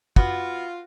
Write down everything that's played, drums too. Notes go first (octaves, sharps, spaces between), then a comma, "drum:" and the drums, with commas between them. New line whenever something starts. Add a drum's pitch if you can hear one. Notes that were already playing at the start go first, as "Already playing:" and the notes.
B3 F4 F#4, drum: kick